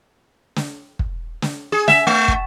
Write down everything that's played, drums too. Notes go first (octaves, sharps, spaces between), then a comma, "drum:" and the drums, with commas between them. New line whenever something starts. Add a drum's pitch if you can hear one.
drum: snare
drum: kick
drum: snare
G#4
E5, drum: snare
A3
drum: kick